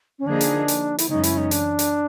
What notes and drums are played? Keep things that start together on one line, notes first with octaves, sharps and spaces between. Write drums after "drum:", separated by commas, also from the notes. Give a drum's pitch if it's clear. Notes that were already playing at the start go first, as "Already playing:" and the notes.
C#4
D3 F3 A#3 D4 D#4 G#4
drum: hi-hat
drum: hi-hat
E4, drum: hi-hat
F#2 C#3 E3 G#3 C#4 D#4
E4, drum: hi-hat
D#4
D4, drum: hi-hat
drum: hi-hat